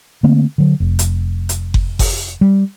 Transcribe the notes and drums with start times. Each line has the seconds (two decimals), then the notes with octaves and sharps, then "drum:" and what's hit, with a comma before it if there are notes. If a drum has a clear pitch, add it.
0.23 D3 A3 A#3 C4
0.58 D3 F#3
0.80 F1
0.99 drum: hi-hat
1.49 drum: hi-hat
1.74 drum: kick F#1
1.99 drum: kick F#1, open hi-hat
2.41 G3